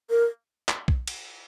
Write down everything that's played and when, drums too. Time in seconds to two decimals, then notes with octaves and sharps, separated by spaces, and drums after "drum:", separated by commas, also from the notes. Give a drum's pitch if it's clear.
0.10 A#4
0.69 drum: clap
0.88 drum: kick B1
1.07 drum: cymbal